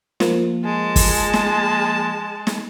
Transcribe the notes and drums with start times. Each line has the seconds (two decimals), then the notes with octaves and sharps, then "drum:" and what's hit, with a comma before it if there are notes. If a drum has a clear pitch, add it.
0.20 F3 A#3, drum: snare
0.64 G#3 A5
0.96 drum: kick, open hi-hat
1.33 drum: snare
2.47 drum: snare